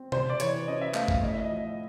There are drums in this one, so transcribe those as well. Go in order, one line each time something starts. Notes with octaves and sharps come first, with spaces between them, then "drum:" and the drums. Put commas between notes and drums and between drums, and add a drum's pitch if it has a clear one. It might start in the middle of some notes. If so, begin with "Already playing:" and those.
Already playing: C4
C3 C5, drum: tom
D5
E3 C#5, drum: hi-hat
C#4 D#5
E5
A3 F5, drum: clap
F5, drum: kick
A2 D#5
E5
D#5
F3